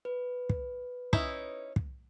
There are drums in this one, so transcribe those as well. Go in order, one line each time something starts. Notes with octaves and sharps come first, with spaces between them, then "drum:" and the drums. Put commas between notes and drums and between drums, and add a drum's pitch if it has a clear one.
B4
drum: kick
C#4 D#4 E4, drum: kick
drum: kick